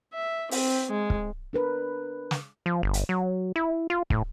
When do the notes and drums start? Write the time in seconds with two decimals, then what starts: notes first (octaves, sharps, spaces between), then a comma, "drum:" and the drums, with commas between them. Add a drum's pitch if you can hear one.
0.14 E5
0.51 C4, drum: open hi-hat
0.90 G#3
1.10 drum: kick
1.53 D4 A#4 B4
2.31 drum: snare
2.66 F3
2.83 G1
2.94 drum: hi-hat
3.09 F#3
3.56 E4
3.90 F4
4.10 A2, drum: kick